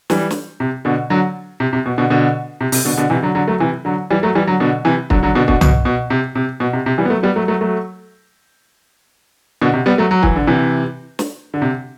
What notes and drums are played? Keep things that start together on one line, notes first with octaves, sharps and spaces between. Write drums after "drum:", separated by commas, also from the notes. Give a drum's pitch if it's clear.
E3 G3, drum: snare
drum: snare
C3
B2 D3
D3 F#3
C3
C3
B2
B2 D3
B2 D3
C3
C3, drum: open hi-hat
B2 D3
B2 D3
C3 E3
D3 F#3
D3 F#3
F#3 A3
C3 E3
D3 F#3
E3 G3
F#3 A3
E3 G3
D3 F#3
B2 D3
C3 E3
D3 F#3, drum: kick
D3 F#3
B2 D3
B2 D3, drum: kick
B2, drum: tom C2
B2
C3
C3
B2
C3
C3
E3 G3
B3
F#3 A3
G3 B3
F#3 A3
F#3 A3
F#3 A3
B2 D3
C3
G3 B3
F#3 A3
F#3
E3, drum: kick
D3
C3 E3
drum: snare
D3
C3